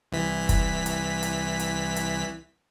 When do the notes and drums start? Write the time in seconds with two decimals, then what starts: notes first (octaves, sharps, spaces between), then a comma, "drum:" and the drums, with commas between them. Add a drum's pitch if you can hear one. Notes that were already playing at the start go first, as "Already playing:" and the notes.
0.12 C2 E3 B6
0.49 drum: kick, hi-hat
0.86 drum: hi-hat
1.23 drum: hi-hat
1.60 drum: hi-hat
1.96 drum: hi-hat